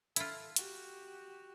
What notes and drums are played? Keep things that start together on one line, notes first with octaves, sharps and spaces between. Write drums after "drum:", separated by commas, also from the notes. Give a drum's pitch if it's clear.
E4 F4 A4, drum: hi-hat
F#4 G4, drum: hi-hat